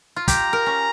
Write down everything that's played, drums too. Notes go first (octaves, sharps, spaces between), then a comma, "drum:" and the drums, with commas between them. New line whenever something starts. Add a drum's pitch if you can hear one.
F4
G4 A#5, drum: kick, hi-hat
A#4
C#4